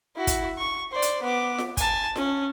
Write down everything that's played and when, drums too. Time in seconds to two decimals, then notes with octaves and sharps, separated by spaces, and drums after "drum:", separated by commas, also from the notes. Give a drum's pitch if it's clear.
0.17 E4 F#4
0.27 drum: kick, hi-hat
0.58 C#6
0.92 C5 D5
1.02 drum: hi-hat
1.22 B3 D6
1.58 drum: snare F4
1.77 G#5 A5, drum: kick, hi-hat
2.16 C#4, drum: snare F4